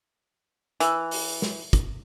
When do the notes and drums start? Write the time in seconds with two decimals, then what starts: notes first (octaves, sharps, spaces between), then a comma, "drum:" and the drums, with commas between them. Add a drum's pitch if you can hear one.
0.80 E3, drum: hi-hat
1.11 drum: open hi-hat
1.42 drum: snare
1.73 drum: kick, hi-hat